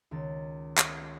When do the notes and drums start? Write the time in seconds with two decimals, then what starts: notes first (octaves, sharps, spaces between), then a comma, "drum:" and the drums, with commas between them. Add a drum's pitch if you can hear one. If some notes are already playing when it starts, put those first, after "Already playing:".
0.11 C#2 D#3 A6
0.78 drum: clap